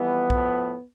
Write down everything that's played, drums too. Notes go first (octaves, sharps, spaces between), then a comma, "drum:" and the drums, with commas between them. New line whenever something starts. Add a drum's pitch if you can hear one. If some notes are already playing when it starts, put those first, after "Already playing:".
Already playing: F2 E3 G3 B3
A2 F3, drum: kick B1